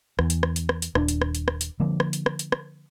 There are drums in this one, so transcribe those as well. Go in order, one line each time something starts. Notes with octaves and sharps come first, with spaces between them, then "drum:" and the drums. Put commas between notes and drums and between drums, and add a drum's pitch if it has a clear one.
E2, drum: rim click
drum: hi-hat
drum: rim click
drum: hi-hat
drum: rim click
drum: hi-hat
D#1 D4, drum: rim click
drum: hi-hat
drum: rim click
drum: hi-hat
drum: rim click
drum: hi-hat
D3 F3 A#3
drum: rim click
drum: hi-hat
drum: rim click
drum: hi-hat
drum: rim click